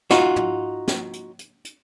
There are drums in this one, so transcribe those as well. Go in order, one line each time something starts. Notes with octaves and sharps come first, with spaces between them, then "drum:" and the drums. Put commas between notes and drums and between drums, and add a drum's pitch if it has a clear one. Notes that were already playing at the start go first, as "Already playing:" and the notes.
D#4 F4 F#4, drum: snare
drum: tom
drum: snare
drum: hi-hat
drum: hi-hat
drum: hi-hat